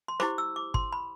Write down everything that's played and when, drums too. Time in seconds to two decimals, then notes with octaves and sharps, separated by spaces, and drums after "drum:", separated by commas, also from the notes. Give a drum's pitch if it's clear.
0.08 C6
0.20 E4 G4 C5 D6, drum: rim click
0.38 E6
0.56 D6
0.74 C6, drum: kick
0.93 B5